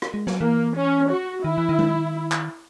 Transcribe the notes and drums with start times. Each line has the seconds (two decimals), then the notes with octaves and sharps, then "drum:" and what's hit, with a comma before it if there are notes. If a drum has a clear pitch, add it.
0.02 drum: rim click
0.14 G#3
0.27 F#3, drum: snare
0.41 E3 A#3
0.76 C#4
1.10 F#4
1.44 D#3 E4
1.58 E3
1.69 D#3
1.79 drum: tom G#3
2.32 drum: clap